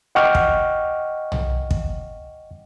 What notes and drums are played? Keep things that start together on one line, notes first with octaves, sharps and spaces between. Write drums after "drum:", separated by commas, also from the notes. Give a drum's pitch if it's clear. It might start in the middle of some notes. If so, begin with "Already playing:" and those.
D#5 F#5 G5 C#6 D6 F6
drum: kick
drum: tom
drum: kick